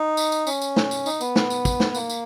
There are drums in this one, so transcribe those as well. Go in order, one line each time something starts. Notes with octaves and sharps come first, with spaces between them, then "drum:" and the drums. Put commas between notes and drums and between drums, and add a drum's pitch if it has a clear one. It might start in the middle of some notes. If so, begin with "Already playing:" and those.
Already playing: D#4
drum: tambourine
drum: tambourine
C#4, drum: tambourine
drum: tambourine
drum: snare
drum: tambourine
D#4, drum: tambourine
B3, drum: tambourine
drum: snare
drum: tambourine
drum: kick, tambourine
drum: snare
A#3, drum: tambourine
drum: tambourine